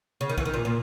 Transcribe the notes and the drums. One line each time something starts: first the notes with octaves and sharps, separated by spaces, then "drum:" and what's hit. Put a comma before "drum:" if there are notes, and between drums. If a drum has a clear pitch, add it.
C#3
D#3
E3, drum: kick
D#3
A#2
A#2